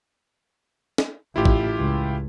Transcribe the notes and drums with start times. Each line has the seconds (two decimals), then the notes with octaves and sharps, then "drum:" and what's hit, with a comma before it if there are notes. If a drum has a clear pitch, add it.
0.98 drum: snare
1.36 A1 E4 F4 G4
1.45 drum: kick
1.77 C#2